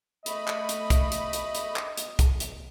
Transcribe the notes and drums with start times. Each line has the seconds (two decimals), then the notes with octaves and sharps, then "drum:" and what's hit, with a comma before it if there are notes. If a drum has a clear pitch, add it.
0.26 A3 D#5 B5, drum: hi-hat
0.48 drum: clap
0.69 drum: hi-hat
0.90 drum: kick, hi-hat
1.12 drum: hi-hat
1.33 drum: hi-hat
1.55 drum: hi-hat
1.76 drum: clap
1.97 drum: hi-hat
2.19 drum: kick, hi-hat
2.40 drum: hi-hat